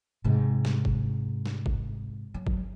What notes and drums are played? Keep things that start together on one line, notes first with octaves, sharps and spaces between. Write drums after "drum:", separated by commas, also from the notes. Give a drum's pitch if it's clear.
G#2 C3
drum: snare
drum: kick G1
drum: snare
drum: kick G1
F#3
drum: kick G1